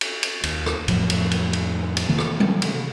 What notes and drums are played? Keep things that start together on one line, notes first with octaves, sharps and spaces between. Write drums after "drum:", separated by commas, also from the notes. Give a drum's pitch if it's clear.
drum: cymbal
drum: cymbal
D#2, drum: cymbal
drum: rim click
F2 A2 F3 F#3, drum: cymbal
drum: cymbal
drum: cymbal
drum: cymbal
drum: cymbal
C3 D#3 E3 A#3
drum: rim click
drum: tom F#3
drum: cymbal